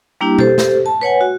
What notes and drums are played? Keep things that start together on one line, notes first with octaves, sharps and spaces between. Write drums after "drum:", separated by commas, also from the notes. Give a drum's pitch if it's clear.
G3 A#3 D4 E4 G4
G4 A4 C5, drum: tom B2
drum: snare
A5
B4 C#5 F#5 G#5
F#4